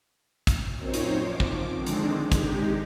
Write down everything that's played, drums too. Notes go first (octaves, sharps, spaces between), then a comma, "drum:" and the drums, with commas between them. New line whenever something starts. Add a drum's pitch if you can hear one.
drum: kick, hi-hat
F#2 A#2 C4 D#4 C5 C#5
drum: hi-hat
F3 D6
drum: kick
D3 D#3 G#3 C4 D4
drum: hi-hat
G#3 D#4 G4, drum: kick, hi-hat